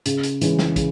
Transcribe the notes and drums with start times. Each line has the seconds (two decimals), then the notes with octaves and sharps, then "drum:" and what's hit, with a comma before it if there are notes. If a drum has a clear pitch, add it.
0.06 C#3, drum: hi-hat
0.23 drum: hi-hat
0.41 E3 G#3 C#4, drum: hi-hat
0.59 drum: snare
0.76 C#3, drum: kick, hi-hat